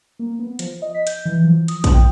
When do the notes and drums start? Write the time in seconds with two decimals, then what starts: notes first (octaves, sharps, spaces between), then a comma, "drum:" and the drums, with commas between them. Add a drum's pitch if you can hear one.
0.19 A#3
0.39 B3
0.59 F3, drum: hi-hat
0.82 D#5
0.94 B6
1.07 G6, drum: hi-hat
1.25 E3
1.44 F3
1.68 D#6, drum: hi-hat
1.84 drum: kick, hi-hat
1.94 G5